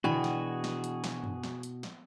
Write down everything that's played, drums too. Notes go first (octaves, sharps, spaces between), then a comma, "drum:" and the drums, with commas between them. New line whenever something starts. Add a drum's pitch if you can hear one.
B2 E3 D4 E4 F#4 G#4 G5 B5, drum: tom D3
drum: snare
drum: snare
drum: hi-hat
drum: snare
drum: tom F#2
drum: snare
drum: hi-hat
drum: snare